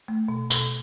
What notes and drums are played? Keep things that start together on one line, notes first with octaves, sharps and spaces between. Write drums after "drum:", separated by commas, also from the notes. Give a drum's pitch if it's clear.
A3
B2
B2, drum: tambourine